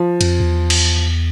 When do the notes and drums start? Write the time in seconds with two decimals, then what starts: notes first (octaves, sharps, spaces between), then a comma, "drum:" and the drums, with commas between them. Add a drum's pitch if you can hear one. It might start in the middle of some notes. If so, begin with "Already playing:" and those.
Already playing: F3
0.21 F2, drum: cymbal
0.40 E2
0.70 drum: cymbal